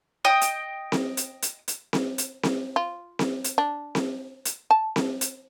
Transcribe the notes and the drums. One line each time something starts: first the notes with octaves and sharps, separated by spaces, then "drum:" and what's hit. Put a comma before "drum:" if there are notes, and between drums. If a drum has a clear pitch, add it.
D#5 G5 D#6
drum: hi-hat
drum: snare C4
drum: hi-hat
drum: hi-hat
drum: hi-hat
drum: snare C4
drum: hi-hat
drum: snare C4
F4
drum: snare C4
drum: hi-hat
D4
drum: snare C4
drum: hi-hat
A5
drum: snare C4
drum: hi-hat